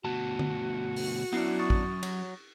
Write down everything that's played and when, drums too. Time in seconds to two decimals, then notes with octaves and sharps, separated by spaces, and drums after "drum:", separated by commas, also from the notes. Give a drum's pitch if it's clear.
0.05 D2 B2 F#4 A5
0.39 drum: tom D3
0.96 drum: open hi-hat
1.33 F#2 B3 D4 E4 C7
1.59 C#6 D#6 A6
1.70 drum: kick
2.03 F#3, drum: cymbal